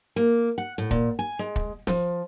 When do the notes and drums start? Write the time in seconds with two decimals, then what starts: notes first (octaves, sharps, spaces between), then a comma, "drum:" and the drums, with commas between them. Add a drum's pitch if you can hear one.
0.16 A#3
0.58 F#5
0.78 A2
0.91 A#2, drum: kick
1.19 G#5
1.39 G#3
1.56 drum: kick
1.87 F3, drum: snare